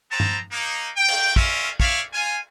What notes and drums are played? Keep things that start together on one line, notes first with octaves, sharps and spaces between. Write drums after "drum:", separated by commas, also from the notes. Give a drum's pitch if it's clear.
B3 C4 A5 A#5
drum: tom G2
A#3 D#4
G5
drum: cymbal
C#4 F4 A#4 E5, drum: kick
C#5 D5 E5 F5, drum: kick
F4 F5 G#5